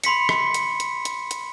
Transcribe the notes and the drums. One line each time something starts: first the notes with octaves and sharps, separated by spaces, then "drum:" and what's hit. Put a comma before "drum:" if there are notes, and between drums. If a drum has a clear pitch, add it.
B5 C6 B6 C#7, drum: hi-hat
drum: rim click
drum: hi-hat
drum: hi-hat
drum: hi-hat
drum: hi-hat